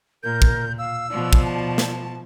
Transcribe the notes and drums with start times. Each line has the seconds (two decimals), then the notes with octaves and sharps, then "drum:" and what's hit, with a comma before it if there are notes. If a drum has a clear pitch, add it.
0.23 A#2 A#4 G6
0.42 drum: kick
0.79 F5 E6
1.10 B2 F3 D5
1.33 drum: kick
1.45 A5
1.78 drum: snare